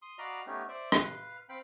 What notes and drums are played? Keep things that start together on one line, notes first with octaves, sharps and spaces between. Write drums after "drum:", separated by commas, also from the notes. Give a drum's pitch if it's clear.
C6 D#6
F#4 D5 D#5 F5 A#5 B5
A3 B3 C#4 D#4 G4
C5 D5 E5
B4 F5, drum: rim click
C4 F5 G5 B5